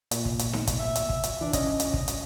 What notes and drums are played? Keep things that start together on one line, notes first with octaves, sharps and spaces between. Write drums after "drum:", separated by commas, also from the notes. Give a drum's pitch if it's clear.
A#2, drum: hi-hat
drum: kick
drum: hi-hat
drum: snare D#4
drum: kick, hi-hat
E5
drum: hi-hat
drum: kick
drum: hi-hat
E3 D4
C#4 D#5, drum: kick, hi-hat
drum: hi-hat
drum: kick
drum: hi-hat